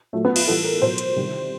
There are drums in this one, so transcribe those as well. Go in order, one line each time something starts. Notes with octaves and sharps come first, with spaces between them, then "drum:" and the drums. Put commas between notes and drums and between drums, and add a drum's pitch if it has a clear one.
A#2 F#3 A3
B3
F4, drum: cymbal
A2 E3 G3 A4
A#4
B2 F#3 C5
drum: hi-hat
C3 D#3 G3